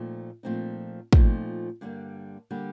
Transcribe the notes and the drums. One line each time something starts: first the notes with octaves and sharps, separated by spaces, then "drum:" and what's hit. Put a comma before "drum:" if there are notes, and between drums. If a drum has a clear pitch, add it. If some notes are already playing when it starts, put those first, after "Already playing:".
Already playing: A#2 F3 A3 C4 D#4
A#2 F3 A3 C4 D#4
A#2 F3 A3 C4 D#4, drum: kick
G2 D3 G3 A#3
D3 G3 A#3